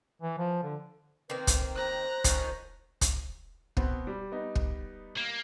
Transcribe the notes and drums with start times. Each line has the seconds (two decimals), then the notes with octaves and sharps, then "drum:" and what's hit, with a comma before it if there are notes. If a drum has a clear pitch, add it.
0.22 E3
0.38 F3
0.63 D3
1.30 D#3 A#3 C4 B4
1.47 drum: kick, hi-hat
1.75 C5 A#5 F#6
2.24 D#3 F3 C#4, drum: kick, hi-hat
3.01 drum: kick, hi-hat
3.77 B2 B3 C4, drum: kick
4.07 G3
4.32 B3 D#4
4.55 drum: kick
5.17 A#3